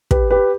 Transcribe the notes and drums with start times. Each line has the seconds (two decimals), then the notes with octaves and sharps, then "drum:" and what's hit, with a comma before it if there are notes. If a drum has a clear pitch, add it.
0.11 G4 B4, drum: kick
0.31 G4 B4